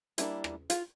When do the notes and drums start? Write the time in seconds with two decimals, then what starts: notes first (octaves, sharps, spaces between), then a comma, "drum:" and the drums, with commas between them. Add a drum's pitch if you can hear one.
0.18 G3 A#3 D4 E4, drum: hi-hat
0.44 drum: rim click
0.70 F4, drum: hi-hat